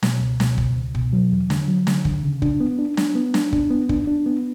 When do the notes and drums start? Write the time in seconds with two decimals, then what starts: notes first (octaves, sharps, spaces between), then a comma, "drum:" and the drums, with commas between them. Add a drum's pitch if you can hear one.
0.03 B2, drum: snare
0.21 C#2
0.40 B2, drum: snare
0.58 C#2, drum: kick
0.76 C#2
0.95 B2, drum: kick
1.13 F#3
1.31 E2
1.50 D3, drum: snare
1.68 F#3
1.87 D3, drum: snare
2.05 D3, drum: kick
2.23 C#3
2.42 D4, drum: kick
2.60 B3
2.79 D4
2.97 D4, drum: snare
3.16 B3
3.34 D4, drum: snare
3.53 D4, drum: kick
3.70 B3
3.89 D4, drum: kick
4.07 D4
4.26 B3